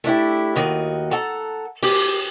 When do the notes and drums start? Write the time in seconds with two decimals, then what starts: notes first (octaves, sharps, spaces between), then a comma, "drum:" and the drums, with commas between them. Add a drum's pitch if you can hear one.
0.04 A3 D4 E4 G4
0.56 D#2 D#3 F#4 D#5
1.11 A4 F#5 A5 A#5
1.83 G4, drum: open hi-hat